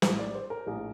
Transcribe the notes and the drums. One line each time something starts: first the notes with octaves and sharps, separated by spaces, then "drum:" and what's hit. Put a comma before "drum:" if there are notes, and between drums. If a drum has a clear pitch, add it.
A#1 A2 G3 C5, drum: snare
D5
C5
A#4
A#1 A2 G3